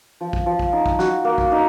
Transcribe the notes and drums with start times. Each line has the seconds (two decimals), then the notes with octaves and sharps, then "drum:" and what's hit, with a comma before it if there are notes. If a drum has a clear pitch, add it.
0.21 F3
0.33 drum: kick
0.46 F3
0.59 drum: kick
0.73 D#4
0.86 drum: kick
0.99 F#4, drum: snare
1.25 A#3
1.38 drum: kick
1.52 D#4